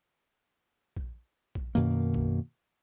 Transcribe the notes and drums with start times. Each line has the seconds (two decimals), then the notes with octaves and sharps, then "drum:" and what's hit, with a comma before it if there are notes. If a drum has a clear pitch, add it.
0.97 drum: kick A#1
1.55 drum: kick A#1
1.75 F#2 B2 D#3 A#3
2.14 drum: kick A#1